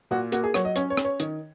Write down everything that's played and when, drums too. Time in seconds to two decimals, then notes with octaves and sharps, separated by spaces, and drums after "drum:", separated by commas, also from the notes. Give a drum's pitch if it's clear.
0.11 A#2 F#4
0.32 A#3 F#4, drum: hi-hat
0.44 G#4
0.54 F#3 C#5, drum: rim click
0.65 D#5
0.76 C#4 C#5, drum: hi-hat
0.90 C#5
0.97 C#4, drum: rim click
1.05 C#5
1.20 D#3, drum: hi-hat